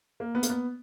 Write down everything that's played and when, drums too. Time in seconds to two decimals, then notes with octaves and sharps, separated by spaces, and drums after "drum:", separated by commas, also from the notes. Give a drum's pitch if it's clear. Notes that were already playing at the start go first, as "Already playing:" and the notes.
0.20 A#3
0.35 B3
0.43 A#3, drum: hi-hat
0.50 B3